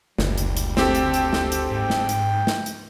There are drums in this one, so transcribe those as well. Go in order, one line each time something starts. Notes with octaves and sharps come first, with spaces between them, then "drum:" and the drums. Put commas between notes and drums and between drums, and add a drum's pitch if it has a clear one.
F#1 D2 G3, drum: snare
drum: hi-hat
drum: hi-hat
C4 G4 A4 G5, drum: snare
drum: hi-hat
drum: hi-hat
drum: snare
drum: hi-hat
G#2 G5
drum: snare
drum: hi-hat
drum: snare
drum: hi-hat